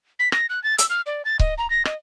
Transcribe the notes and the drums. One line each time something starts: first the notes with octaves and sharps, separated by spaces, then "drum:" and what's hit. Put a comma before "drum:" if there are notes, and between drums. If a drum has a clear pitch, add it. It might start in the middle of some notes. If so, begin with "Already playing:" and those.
B6
A#6, drum: rim click
F#6
A6
E6, drum: hi-hat
F6
D5
A6
D#5, drum: kick C#1
A#5
A#6
D#5, drum: rim click